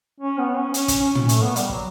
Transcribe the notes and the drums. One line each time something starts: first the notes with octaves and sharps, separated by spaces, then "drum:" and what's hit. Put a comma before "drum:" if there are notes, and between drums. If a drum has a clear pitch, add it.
C#4
B3
C#4
C#4, drum: hi-hat
drum: kick, hi-hat
C#4
drum: tom
A3, drum: hi-hat
B3
G3, drum: hi-hat
F#3, drum: kick